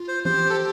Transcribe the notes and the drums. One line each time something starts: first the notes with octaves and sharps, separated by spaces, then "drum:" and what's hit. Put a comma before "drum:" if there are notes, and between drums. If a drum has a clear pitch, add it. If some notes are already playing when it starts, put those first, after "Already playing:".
Already playing: F4
C5
G4 C5, drum: tom
A4